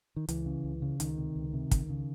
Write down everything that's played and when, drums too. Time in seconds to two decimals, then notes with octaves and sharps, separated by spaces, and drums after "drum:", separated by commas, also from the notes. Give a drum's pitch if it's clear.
0.16 D#3
0.29 C#2 E3, drum: hi-hat
0.46 C#3
0.64 C#2
0.82 C#3
1.00 C#2 D#3, drum: hi-hat
1.17 C3
1.36 C#2
1.53 C3
1.71 C#2, drum: kick, hi-hat
1.90 C#3